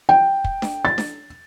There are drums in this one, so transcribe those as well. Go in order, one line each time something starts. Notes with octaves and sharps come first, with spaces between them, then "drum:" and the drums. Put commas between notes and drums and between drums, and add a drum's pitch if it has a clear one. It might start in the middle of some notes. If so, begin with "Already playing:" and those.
G5
drum: kick
drum: snare D4
A6
drum: snare D4